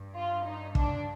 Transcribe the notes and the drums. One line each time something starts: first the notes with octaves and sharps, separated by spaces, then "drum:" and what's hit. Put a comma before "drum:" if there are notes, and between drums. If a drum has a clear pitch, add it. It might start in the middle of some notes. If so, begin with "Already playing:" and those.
Already playing: G2
F4
D#4
D4, drum: kick